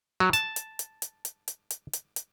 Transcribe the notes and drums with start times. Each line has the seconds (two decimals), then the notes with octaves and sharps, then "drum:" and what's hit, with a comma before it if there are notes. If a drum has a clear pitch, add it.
0.20 F#3
0.33 A5, drum: hi-hat
0.56 drum: hi-hat
0.79 drum: hi-hat
1.02 drum: hi-hat
1.25 drum: hi-hat
1.48 drum: hi-hat
1.70 drum: hi-hat
1.93 drum: hi-hat
2.16 drum: hi-hat